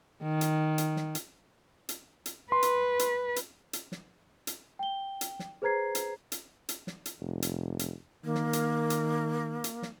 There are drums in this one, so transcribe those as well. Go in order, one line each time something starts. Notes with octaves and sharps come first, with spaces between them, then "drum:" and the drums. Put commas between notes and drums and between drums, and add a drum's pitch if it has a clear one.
D#3
drum: hi-hat
drum: hi-hat
drum: snare
drum: hi-hat
drum: hi-hat
drum: hi-hat
B4 C6
drum: hi-hat
drum: hi-hat
drum: hi-hat
drum: hi-hat
drum: snare
drum: hi-hat
G5 G7
drum: hi-hat
drum: snare
G#4 B4 C5 A#5 G#6 C7
drum: hi-hat
drum: hi-hat
drum: hi-hat
drum: snare
drum: hi-hat
F1
drum: hi-hat
drum: hi-hat
D#3 A#3
drum: snare
drum: hi-hat
drum: hi-hat
drum: hi-hat
drum: snare